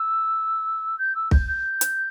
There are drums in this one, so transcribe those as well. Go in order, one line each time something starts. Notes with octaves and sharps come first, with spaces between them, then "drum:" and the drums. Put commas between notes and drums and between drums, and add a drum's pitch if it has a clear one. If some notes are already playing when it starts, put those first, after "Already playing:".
Already playing: E6
G6
E6
G6, drum: kick
G6
drum: hi-hat